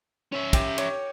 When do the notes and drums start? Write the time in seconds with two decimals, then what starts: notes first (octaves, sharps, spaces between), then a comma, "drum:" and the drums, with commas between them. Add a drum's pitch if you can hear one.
0.32 C#4 C#5 E5
0.53 G4, drum: kick, cymbal
0.78 C#5, drum: cymbal